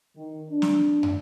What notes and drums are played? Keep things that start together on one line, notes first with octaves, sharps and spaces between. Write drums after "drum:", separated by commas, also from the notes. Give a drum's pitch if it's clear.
D#3
D4
drum: snare
drum: tom